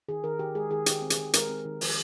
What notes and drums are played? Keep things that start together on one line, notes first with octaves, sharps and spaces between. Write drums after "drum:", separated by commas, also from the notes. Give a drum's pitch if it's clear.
D#3 G#4
D#3 A#4
D#3 G4
G#3 G#4
D#3 G#4
D#3 G4, drum: hi-hat
C4
G#4, drum: hi-hat
D#3
G#3 A#4, drum: hi-hat
C4
D#3
F3, drum: open hi-hat